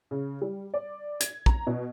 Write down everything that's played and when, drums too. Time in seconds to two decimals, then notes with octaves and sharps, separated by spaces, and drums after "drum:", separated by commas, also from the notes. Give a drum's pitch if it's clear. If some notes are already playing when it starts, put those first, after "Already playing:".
0.11 C#3
0.42 G3
0.74 D5
1.20 G#6, drum: hi-hat
1.46 A#5, drum: kick
1.67 B2